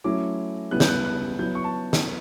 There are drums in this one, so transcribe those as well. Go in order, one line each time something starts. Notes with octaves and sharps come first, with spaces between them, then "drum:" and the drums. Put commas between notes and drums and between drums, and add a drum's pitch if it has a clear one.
F#3 A3 C#4 E4 D6
C#3 G3 B3 E4 F#6
G6, drum: snare
F#6
F#6
F#3 B3 E4 G6
C#6
A5
drum: snare